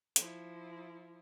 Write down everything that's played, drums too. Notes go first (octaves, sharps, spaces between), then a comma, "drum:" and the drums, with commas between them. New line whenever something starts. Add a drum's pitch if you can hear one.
F3 E4, drum: hi-hat